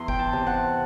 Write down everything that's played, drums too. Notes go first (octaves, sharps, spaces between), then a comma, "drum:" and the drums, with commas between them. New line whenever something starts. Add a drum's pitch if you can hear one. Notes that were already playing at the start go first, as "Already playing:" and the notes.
Already playing: E2 C6
G5, drum: kick F1
A5
C3
F#5